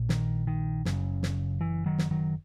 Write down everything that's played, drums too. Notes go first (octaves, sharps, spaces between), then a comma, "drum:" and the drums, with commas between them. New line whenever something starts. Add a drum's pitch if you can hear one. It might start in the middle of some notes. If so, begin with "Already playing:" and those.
Already playing: A#1 A#2
D#3, drum: snare
D#3
F#1 F#2 C#3, drum: snare
drum: snare
E3
D#3 F#3
drum: snare
D#3 F#3